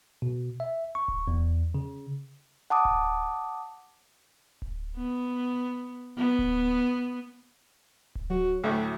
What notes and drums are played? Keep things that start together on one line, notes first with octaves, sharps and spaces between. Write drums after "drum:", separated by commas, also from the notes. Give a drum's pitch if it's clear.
B2
E5
C#6
drum: kick D1
E2
C#3
F#5 A5 D6 D#6
drum: kick D1
drum: kick D1
B3
B3
drum: kick D1
drum: kick D1
F#3 F#4
D2 A2 A3